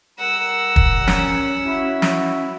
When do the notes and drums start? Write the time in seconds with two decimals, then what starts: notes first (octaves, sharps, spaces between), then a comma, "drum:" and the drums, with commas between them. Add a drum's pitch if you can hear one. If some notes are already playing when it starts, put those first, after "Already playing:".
0.19 G3 A#4 F#5 A#5 E6
0.76 drum: kick
1.08 C#4, drum: snare
1.66 E4 F#4
2.02 drum: snare